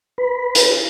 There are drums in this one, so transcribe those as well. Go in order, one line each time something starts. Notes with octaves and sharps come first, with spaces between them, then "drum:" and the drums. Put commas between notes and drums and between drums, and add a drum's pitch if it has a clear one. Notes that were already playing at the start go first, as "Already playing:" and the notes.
B4
drum: hi-hat